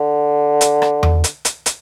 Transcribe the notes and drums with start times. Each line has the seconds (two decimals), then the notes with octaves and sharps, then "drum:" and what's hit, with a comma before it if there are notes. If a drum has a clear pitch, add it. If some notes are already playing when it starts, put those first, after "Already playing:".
Already playing: D3
0.61 drum: hi-hat
0.82 drum: rim click
1.03 drum: tom E2
1.24 drum: hi-hat
1.45 drum: hi-hat
1.66 drum: hi-hat